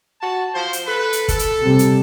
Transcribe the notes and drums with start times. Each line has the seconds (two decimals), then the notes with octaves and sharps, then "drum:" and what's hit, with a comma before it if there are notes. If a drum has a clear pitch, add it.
0.21 F#4 A5
0.54 F3 C5
0.73 drum: hi-hat
0.86 A4 B4
1.13 drum: hi-hat
1.28 A4, drum: kick, hi-hat
1.39 drum: hi-hat
1.61 C3 G3
1.79 drum: hi-hat